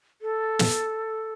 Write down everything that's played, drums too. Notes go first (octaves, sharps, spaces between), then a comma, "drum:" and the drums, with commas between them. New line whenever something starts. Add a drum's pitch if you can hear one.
A4
drum: snare